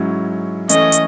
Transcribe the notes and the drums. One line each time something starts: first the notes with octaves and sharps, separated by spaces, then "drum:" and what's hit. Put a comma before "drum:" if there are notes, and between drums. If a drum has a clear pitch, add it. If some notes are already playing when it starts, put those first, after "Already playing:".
Already playing: G#2 F#3 C#4 E4
E3 A3 C#4 D#5, drum: hi-hat
drum: hi-hat